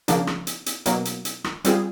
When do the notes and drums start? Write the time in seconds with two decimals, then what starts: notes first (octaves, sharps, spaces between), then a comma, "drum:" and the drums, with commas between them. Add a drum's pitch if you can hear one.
0.08 C#3 F3 A#3 D4, drum: hi-hat
0.27 drum: rim click
0.47 drum: hi-hat
0.66 drum: hi-hat
0.86 B2 F#3 A#3, drum: hi-hat
1.05 drum: hi-hat
1.25 drum: hi-hat
1.44 drum: rim click
1.65 G3 C4 F4 G#4, drum: hi-hat